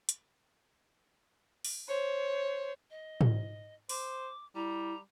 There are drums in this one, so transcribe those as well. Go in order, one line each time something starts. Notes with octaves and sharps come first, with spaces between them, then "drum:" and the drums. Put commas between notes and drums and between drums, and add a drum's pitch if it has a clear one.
drum: hi-hat
drum: open hi-hat
C5 C#5
D#5
drum: tom
C5 D6, drum: open hi-hat
G3 E4 A#5